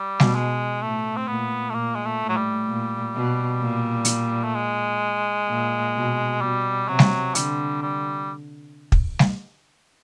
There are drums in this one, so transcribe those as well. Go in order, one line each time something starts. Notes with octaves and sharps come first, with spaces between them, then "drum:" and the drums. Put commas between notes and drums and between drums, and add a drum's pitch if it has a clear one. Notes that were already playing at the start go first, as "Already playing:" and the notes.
Already playing: G3
B2, drum: snare
G#3
A2 A3
C4
A#2 B3
A3
A#2 A#3
G#3
A3
A2
F#3
G3
A#2
B2
A#2
drum: hi-hat
A3
G#3
A#2
B2
B2 G3
C3 F#3
drum: snare
D3 G3, drum: hi-hat
G3
drum: kick
drum: snare